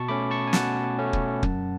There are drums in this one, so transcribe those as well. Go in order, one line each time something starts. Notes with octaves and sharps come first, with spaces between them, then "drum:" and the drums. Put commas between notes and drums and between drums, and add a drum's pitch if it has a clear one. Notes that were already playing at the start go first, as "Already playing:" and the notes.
Already playing: B2 A5 C#6
A3 C#4 B5 D6
A5 C#6
G#5
B2 F#5 A5, drum: snare
A3 C#4
drum: kick
F#2, drum: kick